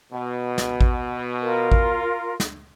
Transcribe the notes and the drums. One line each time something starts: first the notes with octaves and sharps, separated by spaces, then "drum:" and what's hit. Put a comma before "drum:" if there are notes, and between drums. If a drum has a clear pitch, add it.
B2
drum: snare
drum: kick A1
F4 A#4
drum: kick A1
drum: snare